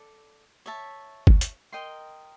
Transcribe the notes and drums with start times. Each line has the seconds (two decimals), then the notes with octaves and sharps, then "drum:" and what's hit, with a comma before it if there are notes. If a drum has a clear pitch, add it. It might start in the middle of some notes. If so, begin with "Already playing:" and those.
Already playing: A4 D5
0.66 C#5 E5 A5
1.27 drum: kick G#1
1.41 drum: hi-hat
1.72 A#4 D#5 G5 C6